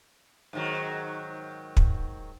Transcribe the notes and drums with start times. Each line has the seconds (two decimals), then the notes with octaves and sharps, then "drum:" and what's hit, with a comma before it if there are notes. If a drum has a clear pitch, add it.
0.53 G#2 D#3 F#3
1.77 drum: kick